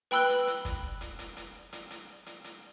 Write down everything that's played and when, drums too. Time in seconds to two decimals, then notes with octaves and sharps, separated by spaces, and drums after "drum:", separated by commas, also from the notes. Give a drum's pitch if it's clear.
0.11 B4 G5 B5 E6 F#6 G7, drum: hi-hat
0.29 drum: hi-hat
0.47 drum: hi-hat
0.65 drum: kick, hi-hat
1.01 drum: hi-hat
1.19 drum: hi-hat
1.37 drum: hi-hat
1.73 drum: hi-hat
1.90 drum: hi-hat
2.26 drum: hi-hat
2.44 drum: hi-hat